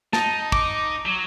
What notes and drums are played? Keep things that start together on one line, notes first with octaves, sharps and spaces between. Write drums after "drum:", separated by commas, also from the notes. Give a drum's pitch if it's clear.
D#4 A5, drum: snare
D6, drum: kick
F#3